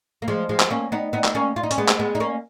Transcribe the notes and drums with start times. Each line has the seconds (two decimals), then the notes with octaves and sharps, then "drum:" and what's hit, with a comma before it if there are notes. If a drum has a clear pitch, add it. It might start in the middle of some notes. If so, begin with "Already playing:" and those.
0.22 A#3
0.28 F3 G#3
0.49 F3 G#3
0.60 drum: clap
0.70 A#3 C#4
0.92 B3 D#4
1.13 B3 D#4
1.24 drum: clap
1.35 A#3 C#4
1.56 F4
1.63 D#4
1.71 C#4, drum: hi-hat
1.78 G#3 B3
1.89 drum: clap
1.99 G#3 B3
2.15 D#4
2.20 A#3 C#4